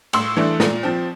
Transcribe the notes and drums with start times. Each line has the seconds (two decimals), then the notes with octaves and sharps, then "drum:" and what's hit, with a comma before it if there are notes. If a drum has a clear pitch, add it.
0.13 A2 C6 E6, drum: cymbal
0.37 E3 A3 D4
0.60 A#2, drum: snare
0.83 F3 C4